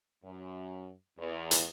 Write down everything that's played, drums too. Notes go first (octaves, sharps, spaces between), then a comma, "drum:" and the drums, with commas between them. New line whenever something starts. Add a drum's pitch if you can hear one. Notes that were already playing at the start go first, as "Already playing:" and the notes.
F#2
E2
drum: hi-hat